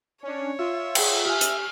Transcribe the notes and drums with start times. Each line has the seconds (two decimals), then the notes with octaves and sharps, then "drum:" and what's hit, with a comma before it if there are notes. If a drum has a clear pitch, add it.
0.23 C#4 D4 C#5
0.59 F4 E5
0.95 G#4 F#5 G5, drum: cymbal
1.26 G4 G#5 F6
1.41 drum: hi-hat